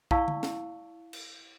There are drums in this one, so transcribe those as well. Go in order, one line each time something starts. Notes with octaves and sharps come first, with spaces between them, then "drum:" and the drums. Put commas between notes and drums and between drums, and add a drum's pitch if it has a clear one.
E4 D5 F5 A5 C#6 E6, drum: kick
drum: tom D3
drum: snare
drum: cymbal